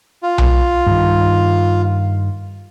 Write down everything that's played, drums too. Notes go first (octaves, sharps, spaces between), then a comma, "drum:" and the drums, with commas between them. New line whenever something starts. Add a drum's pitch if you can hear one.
F4
drum: tom B1
G2 D#3